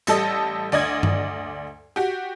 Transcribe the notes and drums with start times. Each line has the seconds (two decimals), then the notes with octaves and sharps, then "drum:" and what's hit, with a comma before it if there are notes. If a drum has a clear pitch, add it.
0.07 A1 G3 A4 D#5, drum: hi-hat
0.72 D2 D5 D#5 G#6
1.03 drum: tom G2
1.96 F#4 G4